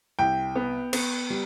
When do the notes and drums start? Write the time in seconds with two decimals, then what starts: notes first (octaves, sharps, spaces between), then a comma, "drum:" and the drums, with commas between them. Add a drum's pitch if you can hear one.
0.19 C2 G5
0.56 B3
0.93 B3, drum: cymbal
1.30 G3